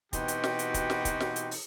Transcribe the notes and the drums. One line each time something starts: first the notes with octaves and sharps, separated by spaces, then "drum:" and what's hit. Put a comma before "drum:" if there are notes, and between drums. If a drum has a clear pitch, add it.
B2 E3 C4 D#4 F#4 G4, drum: kick, hi-hat
drum: hi-hat
drum: snare
drum: hi-hat
drum: kick, hi-hat
drum: snare
drum: kick, hi-hat
drum: snare
drum: hi-hat
drum: open hi-hat